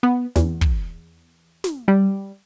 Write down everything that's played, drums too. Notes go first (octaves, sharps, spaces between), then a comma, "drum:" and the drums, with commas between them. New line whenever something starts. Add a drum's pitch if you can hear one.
B3
E2, drum: snare
drum: kick
drum: snare
G3